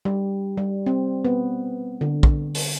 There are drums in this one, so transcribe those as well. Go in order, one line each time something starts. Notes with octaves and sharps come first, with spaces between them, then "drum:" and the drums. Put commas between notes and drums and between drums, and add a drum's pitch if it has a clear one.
G3
G3
C4
B3
D3
drum: kick
drum: open hi-hat